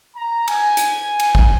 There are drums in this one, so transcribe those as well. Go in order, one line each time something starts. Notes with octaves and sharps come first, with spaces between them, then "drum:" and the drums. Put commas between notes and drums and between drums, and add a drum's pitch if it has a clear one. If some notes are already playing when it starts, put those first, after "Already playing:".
A#5
G#5, drum: cymbal
drum: hi-hat
drum: cymbal
drum: kick